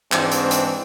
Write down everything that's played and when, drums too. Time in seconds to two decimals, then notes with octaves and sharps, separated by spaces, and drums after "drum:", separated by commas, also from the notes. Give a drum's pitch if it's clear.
0.12 G#2 E3 C4 D4, drum: clap
0.31 drum: hi-hat
0.51 drum: hi-hat